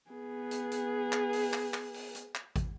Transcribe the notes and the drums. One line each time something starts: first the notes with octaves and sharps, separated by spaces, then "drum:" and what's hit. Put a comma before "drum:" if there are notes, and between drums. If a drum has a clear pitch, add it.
B3 G#4
drum: hi-hat
drum: hi-hat
drum: clap
drum: open hi-hat
drum: clap
drum: clap
drum: open hi-hat
drum: hi-hat
drum: clap
drum: kick, hi-hat